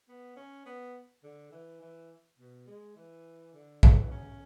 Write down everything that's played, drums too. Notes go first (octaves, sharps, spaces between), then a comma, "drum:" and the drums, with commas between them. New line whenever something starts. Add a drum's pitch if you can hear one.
B3
C#4
B3
D3
E3
E3
B2
G#3
E3
D3
E3, drum: kick
C#4